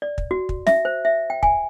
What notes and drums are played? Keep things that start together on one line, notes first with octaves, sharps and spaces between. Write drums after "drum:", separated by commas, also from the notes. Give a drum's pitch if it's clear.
D5
drum: kick
F#4
drum: kick
E5, drum: snare
C5
E5
G5
G#5, drum: kick